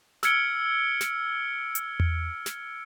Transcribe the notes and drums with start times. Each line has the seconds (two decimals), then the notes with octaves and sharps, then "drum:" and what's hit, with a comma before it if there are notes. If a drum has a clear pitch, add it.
0.23 E6 F6 G#6 C#7 D7 G7, drum: snare
1.01 drum: snare
1.75 drum: hi-hat
2.00 drum: tom E2
2.46 drum: snare